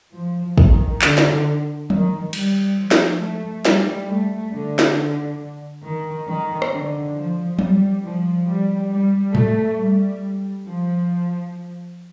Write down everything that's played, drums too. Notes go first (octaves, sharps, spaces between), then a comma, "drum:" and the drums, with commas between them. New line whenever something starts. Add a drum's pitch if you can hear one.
F3
D#3, drum: kick
D3, drum: clap
drum: snare
D#3, drum: tom F3
G3, drum: cymbal
F3
drum: snare
A3
G3, drum: snare
A3
D3
drum: snare
D#3
D#3
drum: rim click
D3
F3
G3, drum: tom F3
F3
G3
G3
A3, drum: tom A2
G3
F3